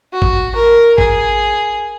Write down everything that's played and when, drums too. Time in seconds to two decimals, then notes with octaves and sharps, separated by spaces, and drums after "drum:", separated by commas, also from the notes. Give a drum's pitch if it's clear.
0.13 F#4
0.22 drum: kick G#1
0.55 A#4
0.98 G#4, drum: kick G#1